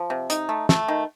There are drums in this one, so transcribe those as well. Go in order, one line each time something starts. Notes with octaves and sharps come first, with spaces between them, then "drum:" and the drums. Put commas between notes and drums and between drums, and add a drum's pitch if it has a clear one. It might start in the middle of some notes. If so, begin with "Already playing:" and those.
Already playing: F3
C3
D#4, drum: hi-hat
A3
A3, drum: snare
D#3